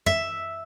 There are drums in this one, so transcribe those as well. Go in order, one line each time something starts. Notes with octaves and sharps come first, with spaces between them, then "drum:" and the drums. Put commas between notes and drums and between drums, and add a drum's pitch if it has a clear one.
E5, drum: tom